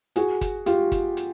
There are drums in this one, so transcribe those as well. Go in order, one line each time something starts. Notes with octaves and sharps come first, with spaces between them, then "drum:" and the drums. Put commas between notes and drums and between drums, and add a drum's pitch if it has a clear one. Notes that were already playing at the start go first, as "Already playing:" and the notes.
F#4 G#4, drum: hi-hat
drum: kick G1, hi-hat
F4 G4, drum: hi-hat
drum: kick G1, hi-hat
drum: hi-hat